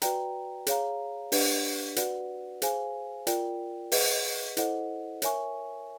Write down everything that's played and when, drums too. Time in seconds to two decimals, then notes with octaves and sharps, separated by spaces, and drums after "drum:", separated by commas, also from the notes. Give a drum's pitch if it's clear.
0.02 F#4 B4 D5 G5 A#5, drum: hi-hat
0.67 G#4 C#5 F5 A#5, drum: hi-hat
1.32 D4 G4 B4 D5 F#5, drum: open hi-hat
1.96 F#4 B4 D5 F#5, drum: hi-hat
2.62 G#4 C5 F5 G#5, drum: hi-hat
3.27 F4 A#4 D5 G5, drum: hi-hat
3.92 G#4 B4 D#5 F#5, drum: open hi-hat
4.57 E4 A4 C5 D#5 F#5, drum: hi-hat
5.22 A#4 C#5 E5 G#5 C#6, drum: hi-hat